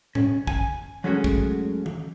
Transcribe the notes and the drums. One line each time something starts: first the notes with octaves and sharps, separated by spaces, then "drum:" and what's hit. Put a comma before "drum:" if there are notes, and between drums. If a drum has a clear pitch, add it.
C#4, drum: tom A2
G#5, drum: kick
F#3 G#3 A3 C#4 F#4 G#4
drum: kick
drum: tom E3